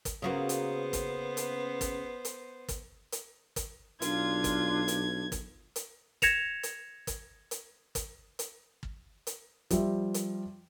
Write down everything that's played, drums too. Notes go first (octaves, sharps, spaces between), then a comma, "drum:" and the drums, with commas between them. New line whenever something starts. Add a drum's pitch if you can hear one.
drum: kick, hi-hat
C#3 A#3 B3 F#4 C5
drum: hi-hat
drum: kick, hi-hat
drum: hi-hat
drum: kick, hi-hat
drum: hi-hat
drum: kick, hi-hat
drum: hi-hat
drum: kick, hi-hat
B1 D4 F4 G#6, drum: hi-hat
drum: kick, hi-hat
drum: hi-hat
drum: kick, hi-hat
drum: hi-hat
G#6 A#6 C#7 E7 F7, drum: kick, hi-hat
drum: hi-hat
drum: kick, hi-hat
drum: hi-hat
drum: kick, hi-hat
drum: hi-hat
drum: kick
drum: hi-hat
F3 G3 E5, drum: kick, hi-hat
drum: hi-hat